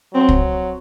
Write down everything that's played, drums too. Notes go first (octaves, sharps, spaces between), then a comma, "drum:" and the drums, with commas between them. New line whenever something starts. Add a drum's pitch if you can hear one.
F#3 C4
drum: kick